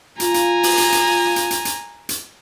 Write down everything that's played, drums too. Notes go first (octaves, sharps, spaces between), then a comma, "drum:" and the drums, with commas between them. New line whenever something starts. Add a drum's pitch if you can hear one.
F4 G#5 A#5, drum: hi-hat
drum: hi-hat
drum: open hi-hat
drum: hi-hat
drum: hi-hat
drum: hi-hat
drum: hi-hat
drum: hi-hat
drum: hi-hat